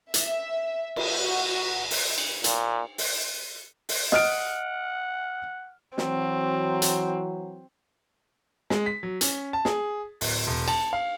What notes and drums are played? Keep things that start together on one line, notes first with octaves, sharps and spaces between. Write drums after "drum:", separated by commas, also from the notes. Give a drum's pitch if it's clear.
E5, drum: hi-hat
drum: cymbal
F#4
drum: open hi-hat
drum: cymbal
A#2, drum: hi-hat
drum: open hi-hat
drum: open hi-hat
D#5 F#5 D#6 F6 D7, drum: snare
E3 F#3 C4, drum: snare
drum: hi-hat
G#3, drum: snare
B6
F#3
C#4, drum: hi-hat
A5
G#4, drum: snare
D1, drum: open hi-hat
E1
A5, drum: cymbal
F5